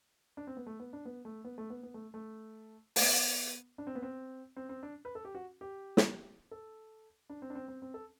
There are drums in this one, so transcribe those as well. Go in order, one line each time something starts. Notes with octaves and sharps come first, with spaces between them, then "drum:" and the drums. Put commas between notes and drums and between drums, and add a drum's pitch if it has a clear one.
D4
C4
B3
A3
B3
D4
B3
A3
B3
A3
B3
B3
A3
A3
A3, drum: open hi-hat
B3
D4
C4
B3
C4
C4
C4
D4
B4
A4
G4
F#4
G4
drum: snare
A4
D4
C4
D4
C4
C4
C4
A4